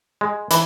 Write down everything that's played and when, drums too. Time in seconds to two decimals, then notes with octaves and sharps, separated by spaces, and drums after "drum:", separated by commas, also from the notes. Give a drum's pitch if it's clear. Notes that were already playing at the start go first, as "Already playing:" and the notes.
0.21 G#3
0.51 E3, drum: hi-hat